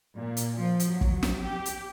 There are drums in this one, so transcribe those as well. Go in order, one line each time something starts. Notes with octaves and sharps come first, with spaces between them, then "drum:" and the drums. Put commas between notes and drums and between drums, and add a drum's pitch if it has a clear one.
A#2
drum: hi-hat
F3
drum: hi-hat
F#3
drum: kick
drum: snare
G4
drum: hi-hat